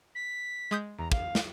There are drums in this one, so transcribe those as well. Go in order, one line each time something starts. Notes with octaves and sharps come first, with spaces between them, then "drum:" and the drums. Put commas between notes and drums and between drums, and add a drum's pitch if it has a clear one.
B6
G#3 D#6 G6
E2 A#5
F5, drum: kick
drum: snare